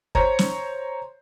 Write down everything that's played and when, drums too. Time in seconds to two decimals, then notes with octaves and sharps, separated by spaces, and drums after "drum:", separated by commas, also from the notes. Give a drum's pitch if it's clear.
0.15 C5 C#5 A#5, drum: kick
0.39 drum: snare